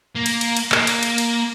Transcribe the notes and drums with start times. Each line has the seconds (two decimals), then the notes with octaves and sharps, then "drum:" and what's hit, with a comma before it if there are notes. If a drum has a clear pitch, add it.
0.16 A#3
0.26 drum: cymbal
0.41 drum: cymbal
0.57 drum: cymbal
0.72 A#3, drum: clap
0.87 drum: cymbal
1.03 drum: cymbal
1.18 drum: cymbal